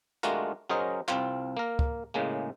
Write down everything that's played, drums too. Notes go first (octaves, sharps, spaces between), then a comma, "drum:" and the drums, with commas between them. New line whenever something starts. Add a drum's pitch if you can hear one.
G#3 A3 D4 F4 F#4 A#4, drum: hi-hat
F#3 C#4 G#4 A#4 C5 D#5
C2 C4 F4, drum: clap
A#3 A#4
drum: kick
A2 C#3 G#3 A#3